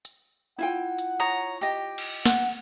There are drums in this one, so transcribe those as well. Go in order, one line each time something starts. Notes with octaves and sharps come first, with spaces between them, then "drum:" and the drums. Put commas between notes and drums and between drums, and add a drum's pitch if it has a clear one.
drum: hi-hat
E4 F4 F#5 G5
drum: hi-hat
C#5 A#5 D#6
G4 D#5
drum: cymbal
F#5, drum: snare